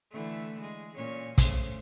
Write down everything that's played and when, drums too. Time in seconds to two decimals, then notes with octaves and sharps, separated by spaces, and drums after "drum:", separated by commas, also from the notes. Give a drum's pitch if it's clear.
0.11 D3 E3 A3
0.61 G#3
0.96 A#2 C#4 C#5
1.38 C#3 A3 C5, drum: kick, hi-hat